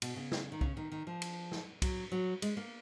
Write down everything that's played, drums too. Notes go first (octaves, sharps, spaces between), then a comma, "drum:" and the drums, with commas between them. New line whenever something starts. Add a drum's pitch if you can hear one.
B2, drum: cymbal
C#3
drum: snare
D#3
C#3, drum: kick C2
D#3
D#3
F3
drum: cymbal
drum: snare
F#3, drum: kick C2, cymbal
F#3
G#3, drum: cymbal
A#3